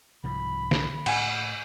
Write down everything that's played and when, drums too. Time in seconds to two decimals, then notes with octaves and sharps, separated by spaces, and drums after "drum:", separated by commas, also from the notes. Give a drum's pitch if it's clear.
0.24 C2 G#2 F3 B5
0.71 drum: snare
1.06 A2 F#5 G#5, drum: cymbal